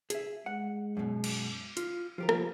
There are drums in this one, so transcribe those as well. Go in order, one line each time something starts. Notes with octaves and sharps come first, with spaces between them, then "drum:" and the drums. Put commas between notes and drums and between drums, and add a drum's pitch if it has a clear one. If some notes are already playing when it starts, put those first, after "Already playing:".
G#4 E5, drum: hi-hat
G#3 F#5
F#2 B2
drum: cymbal
F4, drum: hi-hat
F3 F4 G4 A#4
drum: rim click